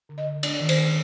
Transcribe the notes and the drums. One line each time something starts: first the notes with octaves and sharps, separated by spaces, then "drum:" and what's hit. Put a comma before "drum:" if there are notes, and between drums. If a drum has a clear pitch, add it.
D3
D#5
D3
D4 D5, drum: cymbal
D#3
C5, drum: cymbal
D#3